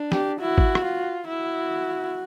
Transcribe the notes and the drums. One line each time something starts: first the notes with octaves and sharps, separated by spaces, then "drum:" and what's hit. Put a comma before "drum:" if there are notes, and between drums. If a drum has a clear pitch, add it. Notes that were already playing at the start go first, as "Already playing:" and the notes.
Already playing: D4
G4, drum: snare
E4 F#4
drum: kick G#1
drum: rim click
F4
E4 F#4